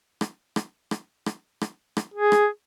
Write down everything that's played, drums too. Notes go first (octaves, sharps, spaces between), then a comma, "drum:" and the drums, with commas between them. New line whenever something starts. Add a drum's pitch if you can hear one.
drum: rim click
drum: rim click
drum: rim click
drum: rim click
drum: rim click
drum: rim click
G#4
drum: rim click